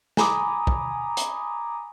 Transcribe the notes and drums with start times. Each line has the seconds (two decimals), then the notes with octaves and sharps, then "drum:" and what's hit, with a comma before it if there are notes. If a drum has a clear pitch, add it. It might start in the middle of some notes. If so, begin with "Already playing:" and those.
0.17 G#5 A#5 B5 D6 D#6, drum: snare
0.67 drum: kick
1.17 drum: hi-hat